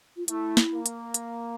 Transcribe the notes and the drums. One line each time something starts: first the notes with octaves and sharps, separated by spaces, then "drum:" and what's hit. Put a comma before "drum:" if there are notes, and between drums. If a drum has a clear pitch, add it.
F4
A3 E4, drum: hi-hat
drum: snare
A#3
drum: hi-hat
drum: hi-hat